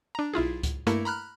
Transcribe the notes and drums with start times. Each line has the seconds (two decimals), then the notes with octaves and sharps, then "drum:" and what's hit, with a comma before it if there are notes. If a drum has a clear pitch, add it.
0.15 D4 A#5
0.34 B1 E4 F4 G#4
0.63 drum: kick C#2, hi-hat
0.87 G2 A3 A#3 E4 A#4 C#7, drum: hi-hat
1.05 A#5 B5 F6 F#6